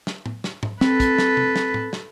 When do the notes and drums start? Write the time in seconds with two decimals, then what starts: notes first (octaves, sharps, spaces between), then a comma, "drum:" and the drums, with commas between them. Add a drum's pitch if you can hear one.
0.07 drum: snare
0.26 drum: tom A2
0.44 drum: snare
0.63 drum: tom G#2
0.81 C4 A4 B4, drum: snare
1.00 drum: kick, hi-hat
1.18 drum: snare
1.37 drum: tom
1.56 drum: snare
1.74 drum: tom A2
1.93 drum: snare